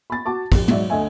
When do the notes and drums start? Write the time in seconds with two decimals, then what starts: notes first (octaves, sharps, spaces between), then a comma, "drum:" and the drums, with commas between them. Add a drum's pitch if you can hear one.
0.10 B5 A6
0.26 F#4 A5 D6
0.52 F2 G4, drum: kick, cymbal
0.68 G#2 F#3 D5 E5, drum: tom
0.90 D2 A4 D#5 E5 G#5